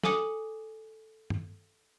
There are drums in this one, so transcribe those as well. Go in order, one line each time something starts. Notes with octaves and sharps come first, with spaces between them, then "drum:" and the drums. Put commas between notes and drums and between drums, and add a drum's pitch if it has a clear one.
A4 G#5 D6 D#6 C#7, drum: snare
drum: tom G2